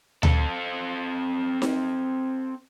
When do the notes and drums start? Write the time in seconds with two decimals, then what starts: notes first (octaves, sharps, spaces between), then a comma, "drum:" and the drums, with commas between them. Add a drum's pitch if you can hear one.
0.23 C4 A4, drum: tom D2
1.62 drum: snare D#4